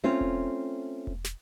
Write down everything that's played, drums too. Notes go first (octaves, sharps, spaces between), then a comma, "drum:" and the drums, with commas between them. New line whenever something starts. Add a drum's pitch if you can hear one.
A3 C4 C#4 F4
drum: kick E1
drum: kick E1
drum: snare